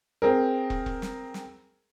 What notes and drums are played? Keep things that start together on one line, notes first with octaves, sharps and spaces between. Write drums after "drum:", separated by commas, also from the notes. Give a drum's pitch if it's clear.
C4 G#4 A#4
drum: kick
drum: kick
drum: snare
drum: snare